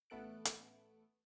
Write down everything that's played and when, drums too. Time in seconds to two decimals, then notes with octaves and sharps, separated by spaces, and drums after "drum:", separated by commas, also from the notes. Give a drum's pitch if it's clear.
0.10 A1 A3 B3 A4 F#6 D7
0.45 drum: hi-hat